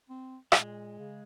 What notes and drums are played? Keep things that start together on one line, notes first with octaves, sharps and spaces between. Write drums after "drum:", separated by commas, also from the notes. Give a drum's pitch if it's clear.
C4
A#2 G#3, drum: rim click
C#3